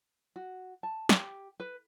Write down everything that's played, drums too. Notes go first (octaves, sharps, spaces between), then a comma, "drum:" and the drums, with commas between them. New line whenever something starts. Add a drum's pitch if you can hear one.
F#4
A5
G4, drum: snare
B4